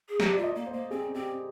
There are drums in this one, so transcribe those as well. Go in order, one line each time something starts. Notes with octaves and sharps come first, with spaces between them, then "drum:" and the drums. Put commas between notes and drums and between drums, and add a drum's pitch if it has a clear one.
G#4
G4 A#5, drum: snare
F4 D5
D#5
A#3
C5
A#3
C4 G#4
C4 G4